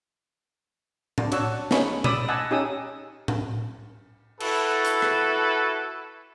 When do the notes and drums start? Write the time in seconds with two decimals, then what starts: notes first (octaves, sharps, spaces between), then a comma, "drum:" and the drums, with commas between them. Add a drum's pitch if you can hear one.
1.18 D4, drum: tom A2
1.32 D4 F#4 C#5 F#5 E6, drum: cymbal
1.71 C#4 D#4 G#4 B5 C#6, drum: snare
2.04 D5 B5 D#6 E6, drum: tom A#2
2.28 D#5 F#5 G#5 A5 E6
2.51 C#4 D#4 G4 G#4 D#6 E6
3.28 drum: tom A2
4.40 E4 F#4 A4 B4, drum: cymbal
4.85 drum: hi-hat
5.02 drum: rim click